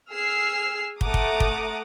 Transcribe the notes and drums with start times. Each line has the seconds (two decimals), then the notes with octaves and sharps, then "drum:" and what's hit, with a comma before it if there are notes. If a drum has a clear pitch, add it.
0.11 G#4 E6 F6 C7
1.01 A3 F#5 A#5 D6 D#6, drum: kick
1.14 drum: kick
1.40 drum: kick